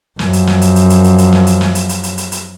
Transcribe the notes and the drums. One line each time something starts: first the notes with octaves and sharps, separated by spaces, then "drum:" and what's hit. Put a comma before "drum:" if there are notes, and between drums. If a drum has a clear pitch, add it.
F#2 F3, drum: snare
drum: hi-hat
drum: snare
drum: hi-hat
drum: hi-hat
drum: hi-hat
drum: hi-hat
drum: hi-hat
drum: snare
drum: hi-hat
drum: snare
drum: hi-hat
drum: hi-hat
drum: hi-hat
drum: hi-hat
drum: hi-hat